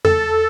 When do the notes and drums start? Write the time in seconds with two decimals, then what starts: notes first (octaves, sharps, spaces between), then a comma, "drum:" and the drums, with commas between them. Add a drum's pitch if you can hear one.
0.05 A4, drum: tom E2